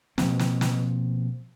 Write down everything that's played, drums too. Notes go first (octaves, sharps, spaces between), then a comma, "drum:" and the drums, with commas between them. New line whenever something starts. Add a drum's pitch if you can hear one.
B2 F3 A#3 C4, drum: snare
drum: snare
drum: snare